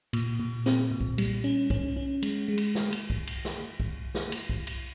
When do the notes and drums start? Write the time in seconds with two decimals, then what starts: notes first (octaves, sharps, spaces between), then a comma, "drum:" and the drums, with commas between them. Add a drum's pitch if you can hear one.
0.13 A#2, drum: cymbal
0.40 A#2
0.66 C4, drum: snare
0.92 A#2
1.01 drum: kick B1
1.18 G3, drum: cymbal
1.44 C#4
1.70 C#4, drum: kick B1
1.96 C#4
2.22 G#3, drum: cymbal
2.48 G#3
2.58 drum: cymbal
2.75 drum: snare
2.92 drum: cymbal
3.10 drum: kick B1
3.27 drum: cymbal
3.45 drum: snare
3.80 drum: kick B1
4.15 drum: snare
4.32 drum: cymbal
4.49 drum: kick B1
4.67 drum: cymbal